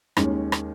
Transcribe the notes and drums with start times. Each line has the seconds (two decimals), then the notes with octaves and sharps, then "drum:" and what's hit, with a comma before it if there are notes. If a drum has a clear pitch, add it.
0.17 D#2 D#3 G#3 C#4, drum: rim click
0.52 drum: rim click